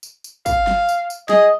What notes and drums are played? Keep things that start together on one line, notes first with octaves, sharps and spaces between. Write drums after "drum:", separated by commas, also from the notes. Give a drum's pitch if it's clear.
drum: tambourine
drum: tambourine
F5, drum: kick, tambourine
drum: snare
drum: tambourine
drum: tambourine
G#4 D#5, drum: snare